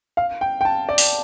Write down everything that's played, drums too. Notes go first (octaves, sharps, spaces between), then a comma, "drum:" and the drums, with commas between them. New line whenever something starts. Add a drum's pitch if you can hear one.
F5
G5
G5
A5
D5
drum: open hi-hat